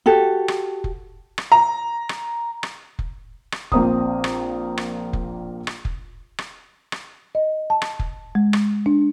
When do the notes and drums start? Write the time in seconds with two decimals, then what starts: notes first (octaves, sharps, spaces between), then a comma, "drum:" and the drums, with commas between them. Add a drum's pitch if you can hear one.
0.06 F#4 G4 A4
0.48 drum: rim click
0.84 drum: kick F1
1.38 drum: rim click
1.52 A#5
2.09 drum: rim click
2.63 drum: rim click
2.99 drum: kick F1
3.52 drum: rim click
3.72 A#1 A#3 C4 A#5 D#6, drum: kick F1
4.24 drum: rim click
4.78 drum: rim click
5.13 drum: kick F1
5.67 drum: rim click
5.85 drum: kick F1
6.38 drum: rim click
6.92 drum: rim click
7.35 D#5
7.70 A5
7.82 drum: rim click
7.99 drum: kick F1
8.35 G#3
8.53 drum: rim click
8.86 D4